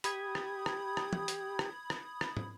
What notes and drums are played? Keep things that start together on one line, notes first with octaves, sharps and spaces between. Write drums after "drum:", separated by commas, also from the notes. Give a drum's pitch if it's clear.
G4 B5 D#6 G#6, drum: hi-hat
drum: rim click
drum: rim click
drum: rim click
drum: tom
drum: hi-hat
drum: rim click
drum: rim click
drum: rim click
drum: tom